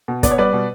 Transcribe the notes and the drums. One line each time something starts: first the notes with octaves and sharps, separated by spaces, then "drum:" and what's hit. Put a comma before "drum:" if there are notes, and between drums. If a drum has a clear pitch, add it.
B2
B3 D5, drum: kick, hi-hat
C#5
G3 B4 D5
B2